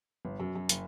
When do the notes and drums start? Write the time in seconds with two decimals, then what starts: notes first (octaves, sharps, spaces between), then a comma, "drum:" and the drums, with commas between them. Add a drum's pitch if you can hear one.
0.25 G1
0.40 F#2
0.55 F#2
0.69 F#1, drum: hi-hat